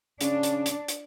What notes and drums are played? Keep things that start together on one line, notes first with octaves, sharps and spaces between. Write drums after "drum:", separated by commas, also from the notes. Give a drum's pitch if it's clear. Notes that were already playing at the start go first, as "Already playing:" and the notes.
C#3 D4, drum: hi-hat
drum: hi-hat
drum: hi-hat
drum: hi-hat